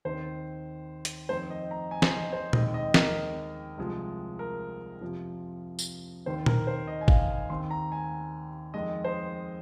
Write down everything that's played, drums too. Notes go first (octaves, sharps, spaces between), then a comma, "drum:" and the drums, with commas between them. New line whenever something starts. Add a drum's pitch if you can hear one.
D#2 D#3 C4 C5
drum: hi-hat
F2 D#3 C4 C5
D#5
A#5
G#5
C5, drum: snare
D#5
C5
D#2 D#3 G#3 C4 D#5, drum: tom A#2
D#5
A#4, drum: snare
C2 C3 F3 G#3
A#4
F2 C3 F3
drum: tambourine
D#2 D#3 C4 C5
A#4, drum: tom A#2
C5
D#5
G#5
F5, drum: kick
G#5
D#2 D#3 C4 C6
A#5
G#5
F2 D#3 G#3 D#5
C5